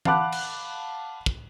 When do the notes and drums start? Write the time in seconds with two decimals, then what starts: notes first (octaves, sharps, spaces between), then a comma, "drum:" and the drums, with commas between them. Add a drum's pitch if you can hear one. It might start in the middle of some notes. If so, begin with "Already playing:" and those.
0.05 F5 F#5 A5 B5 D6 F#6, drum: tom E3
0.32 drum: cymbal
1.26 drum: kick